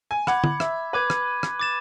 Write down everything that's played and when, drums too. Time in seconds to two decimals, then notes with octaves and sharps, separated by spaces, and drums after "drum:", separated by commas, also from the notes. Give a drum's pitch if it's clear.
0.11 G#5
0.27 F#5 B5 D6 G#6, drum: rim click
0.44 drum: tom
0.60 E5, drum: rim click
0.93 B4 B5 D6 G#6
1.10 drum: rim click
1.43 drum: rim click
1.59 D6 A6 E7